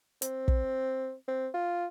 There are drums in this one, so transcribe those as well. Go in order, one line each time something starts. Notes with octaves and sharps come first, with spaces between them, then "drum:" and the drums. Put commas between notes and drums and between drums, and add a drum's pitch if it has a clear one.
C4, drum: hi-hat
drum: kick
C4
F4